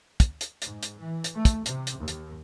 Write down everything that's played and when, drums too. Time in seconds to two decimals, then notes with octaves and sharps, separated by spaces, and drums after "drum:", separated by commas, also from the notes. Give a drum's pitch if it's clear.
0.20 drum: kick, hi-hat
0.41 drum: hi-hat
0.62 G#2, drum: hi-hat
0.83 drum: hi-hat
0.99 E3
1.24 drum: hi-hat
1.35 A3
1.45 drum: kick, hi-hat
1.66 C3, drum: hi-hat
1.87 drum: hi-hat
1.99 D#2
2.08 drum: hi-hat